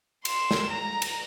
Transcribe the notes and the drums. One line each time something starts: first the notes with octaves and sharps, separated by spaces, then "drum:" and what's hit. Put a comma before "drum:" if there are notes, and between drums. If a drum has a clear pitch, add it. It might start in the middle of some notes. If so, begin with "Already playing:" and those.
C6 E7, drum: cymbal
drum: snare
A#5
drum: cymbal